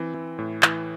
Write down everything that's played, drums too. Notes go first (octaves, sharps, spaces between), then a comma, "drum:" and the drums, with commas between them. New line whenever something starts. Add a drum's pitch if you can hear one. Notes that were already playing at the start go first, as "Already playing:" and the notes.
Already playing: E3 C4
E3
A2
E3, drum: clap